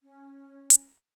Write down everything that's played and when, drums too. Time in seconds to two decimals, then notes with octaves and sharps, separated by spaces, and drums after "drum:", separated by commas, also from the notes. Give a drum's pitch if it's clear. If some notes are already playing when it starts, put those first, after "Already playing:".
0.02 C#4
0.70 drum: hi-hat